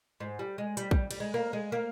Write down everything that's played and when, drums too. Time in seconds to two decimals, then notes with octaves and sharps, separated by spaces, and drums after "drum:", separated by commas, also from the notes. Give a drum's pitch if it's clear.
0.20 G#2
0.39 G3
0.58 G#3
0.77 G3, drum: hi-hat
0.91 G3, drum: kick A#1
1.11 G3, drum: cymbal
1.20 G#3
1.34 A#3
1.53 G#3
1.72 A#3